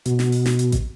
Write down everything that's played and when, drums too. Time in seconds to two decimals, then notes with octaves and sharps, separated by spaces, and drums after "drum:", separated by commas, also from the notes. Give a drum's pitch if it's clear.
0.06 B2, drum: hi-hat
0.19 drum: snare
0.32 drum: open hi-hat
0.46 drum: snare
0.59 drum: hi-hat
0.72 drum: kick A1, hi-hat